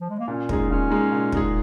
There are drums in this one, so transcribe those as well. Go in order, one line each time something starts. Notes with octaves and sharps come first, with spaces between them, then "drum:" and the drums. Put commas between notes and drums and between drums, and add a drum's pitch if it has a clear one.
F3
G#3
A#3
A#2 C#4
G#3 D#4 G#4, drum: kick
A#2 C#4
G#3 D#4 G#4
A#2
G#3 D#4 G#4, drum: kick